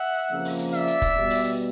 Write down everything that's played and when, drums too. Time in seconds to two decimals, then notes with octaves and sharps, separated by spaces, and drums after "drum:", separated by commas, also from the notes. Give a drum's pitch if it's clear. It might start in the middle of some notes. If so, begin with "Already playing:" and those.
Already playing: E5 F#5
0.31 F2 C#3 F3 A#3
0.45 drum: open hi-hat
0.59 drum: hi-hat
0.74 D5 E5, drum: hi-hat
0.87 drum: hi-hat
1.02 drum: kick, hi-hat
1.15 B2 G3 B3
1.30 drum: open hi-hat
1.44 drum: hi-hat